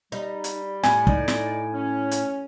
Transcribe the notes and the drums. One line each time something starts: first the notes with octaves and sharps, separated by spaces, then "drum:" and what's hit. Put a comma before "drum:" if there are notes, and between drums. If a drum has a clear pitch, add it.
G3 D#4
drum: hi-hat
A2 G#5, drum: snare
D#4 D5, drum: kick
drum: snare
C#4
drum: hi-hat